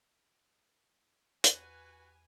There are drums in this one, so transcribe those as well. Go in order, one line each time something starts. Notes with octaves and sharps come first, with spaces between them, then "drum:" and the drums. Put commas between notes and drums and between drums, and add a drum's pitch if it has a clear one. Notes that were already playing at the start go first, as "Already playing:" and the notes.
E2 F#4 G4 B4 F#5 G#5, drum: hi-hat